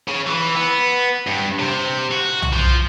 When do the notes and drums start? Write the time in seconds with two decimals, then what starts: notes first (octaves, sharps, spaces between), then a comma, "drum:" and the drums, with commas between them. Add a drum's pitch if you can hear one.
0.08 C#3
0.26 E3
0.55 B3
1.27 G2
1.59 C3
2.11 F#4
2.42 drum: tom
2.53 F3